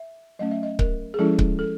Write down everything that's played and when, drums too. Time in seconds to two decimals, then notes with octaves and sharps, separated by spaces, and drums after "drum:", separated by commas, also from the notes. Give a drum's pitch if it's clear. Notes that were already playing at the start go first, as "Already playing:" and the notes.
Already playing: E5
0.39 F#3 A3 C#4 D#5
0.51 E5
0.63 D#5
0.79 A#4, drum: kick C#1
1.14 G#4
1.19 F3 G#3 C#4 E4 A4
1.39 drum: kick C#1
1.59 A4